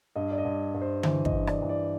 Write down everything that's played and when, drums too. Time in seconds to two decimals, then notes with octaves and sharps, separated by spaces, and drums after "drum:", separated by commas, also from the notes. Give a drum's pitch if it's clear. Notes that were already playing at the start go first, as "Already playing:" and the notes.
0.16 G2 D#5
0.31 D5
0.38 D#5
0.45 G2
0.74 G2
0.81 C5
1.03 E3 C5, drum: tom D3
1.25 D#5, drum: kick
1.33 G2
1.47 D5, drum: rim click
1.62 E3
1.69 D5